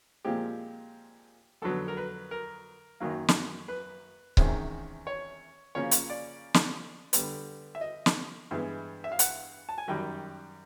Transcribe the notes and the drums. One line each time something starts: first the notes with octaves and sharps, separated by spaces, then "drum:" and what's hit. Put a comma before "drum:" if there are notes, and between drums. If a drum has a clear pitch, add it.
A#2 F3 G#3 C4 G4
F2 D3 F#3 B3 A4
A#4
B4
A#4
F#2 D#3 F#3 A#3
drum: snare
B4
E2 C3 D#3 G#3 C#4 C5, drum: kick C#1
C#5
C#3 F3 A#3 C#4 C#5
drum: hi-hat
D5
drum: snare
D3 G3 B3, drum: hi-hat
E5
D#5
drum: snare
G2 E3 G#3 B3
E5
F5
F#5, drum: hi-hat
A5
G#5
F#2 D#3 G3 G5